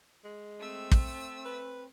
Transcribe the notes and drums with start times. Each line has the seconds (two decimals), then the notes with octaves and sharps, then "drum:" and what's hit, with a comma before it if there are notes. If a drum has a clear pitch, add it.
0.24 G#3
0.59 A3 C4 E6
0.91 drum: kick
1.45 B4